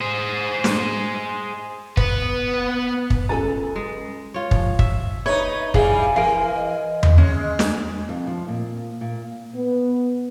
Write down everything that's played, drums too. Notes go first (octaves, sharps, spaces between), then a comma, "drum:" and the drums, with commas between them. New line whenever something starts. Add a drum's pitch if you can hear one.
G#4 C5
drum: snare
B3 B4, drum: kick
drum: kick
C#2 C#3 A4 G#5 A#5 A6
G#3
F4 C#5
F3, drum: kick
E5, drum: kick
D#4 B4 C#5 E5
E3 G3 G#4 F5 G#5, drum: kick
E3 A#4 F5
D#5
drum: tom E2
G#3 C#4
drum: snare
F2
F3
A#2
A#2
B3